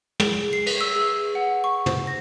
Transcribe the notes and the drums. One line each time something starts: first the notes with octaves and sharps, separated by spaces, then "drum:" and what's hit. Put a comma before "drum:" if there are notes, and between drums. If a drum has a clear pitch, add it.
G#4, drum: tom
C7
B4, drum: cymbal
E6
G#4
F#5
C#6
C5, drum: tom
A#6